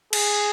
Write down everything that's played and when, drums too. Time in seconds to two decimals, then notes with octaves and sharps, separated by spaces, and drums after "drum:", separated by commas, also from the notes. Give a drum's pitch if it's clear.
0.13 G#4, drum: cymbal